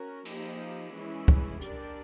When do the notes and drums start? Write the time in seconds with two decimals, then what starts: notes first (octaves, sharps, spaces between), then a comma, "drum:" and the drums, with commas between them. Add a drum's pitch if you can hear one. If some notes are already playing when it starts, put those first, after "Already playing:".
Already playing: C#4 F#4 A#4
0.25 F3 A#3 D#4 G4, drum: cymbal
0.94 E3 G#3 C#4 E4
1.28 drum: kick
1.61 D4 G4 A#4 D5, drum: hi-hat